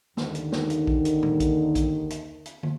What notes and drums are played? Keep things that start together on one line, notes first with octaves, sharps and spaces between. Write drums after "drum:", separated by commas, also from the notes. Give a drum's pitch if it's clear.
D#2 D3 D#3, drum: snare
drum: hi-hat
drum: snare
drum: hi-hat
drum: kick A#1
drum: hi-hat
drum: tom A2
drum: kick A#1, hi-hat
drum: kick A#1, hi-hat
drum: hi-hat
drum: hi-hat
drum: tom